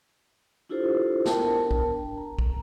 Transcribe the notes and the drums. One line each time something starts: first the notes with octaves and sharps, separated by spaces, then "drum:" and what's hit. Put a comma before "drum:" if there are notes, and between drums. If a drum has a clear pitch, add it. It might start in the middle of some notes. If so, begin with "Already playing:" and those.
D4 E4 F4 G4 A4 C5
B3 D4 A#4 G5 A5, drum: snare
drum: kick
A#5
drum: kick